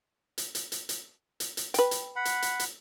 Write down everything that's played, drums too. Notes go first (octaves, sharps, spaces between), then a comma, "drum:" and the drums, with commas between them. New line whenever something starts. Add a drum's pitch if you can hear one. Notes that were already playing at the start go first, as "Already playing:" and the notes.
drum: hi-hat
drum: hi-hat
drum: hi-hat
drum: hi-hat
drum: hi-hat
drum: hi-hat
B4 G5, drum: hi-hat
drum: hi-hat
F#5 B5
drum: hi-hat
drum: hi-hat
drum: hi-hat